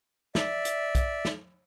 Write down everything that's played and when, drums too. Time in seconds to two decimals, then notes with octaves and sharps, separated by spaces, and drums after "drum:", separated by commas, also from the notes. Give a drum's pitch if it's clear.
0.35 D5 E5, drum: snare
0.65 drum: hi-hat
0.95 drum: kick B1, hi-hat
1.25 drum: snare